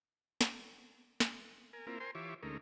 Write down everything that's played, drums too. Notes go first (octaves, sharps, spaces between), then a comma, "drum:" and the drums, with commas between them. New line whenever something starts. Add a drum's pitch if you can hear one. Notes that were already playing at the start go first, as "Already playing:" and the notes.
drum: snare
drum: snare
A#4 G#5
A#3 C4 E4 F4 A#4
A#4 C5 G5 G#5 C6
E3 F4 G4 C#5 E5 D6
D2 G#3 A3 C#4 D#4 A#4